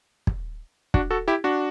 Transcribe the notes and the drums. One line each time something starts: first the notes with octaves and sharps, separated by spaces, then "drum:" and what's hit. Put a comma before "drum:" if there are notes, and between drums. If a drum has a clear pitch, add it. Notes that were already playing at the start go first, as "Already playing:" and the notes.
drum: kick
D4 F#4, drum: kick
F#4 A4
E4 G4
D4 F#4